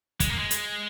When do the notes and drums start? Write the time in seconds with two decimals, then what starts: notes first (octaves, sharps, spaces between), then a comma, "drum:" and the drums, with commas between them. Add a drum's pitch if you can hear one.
0.20 G#3, drum: kick, hi-hat
0.30 A#3
0.39 G#3
0.51 drum: hi-hat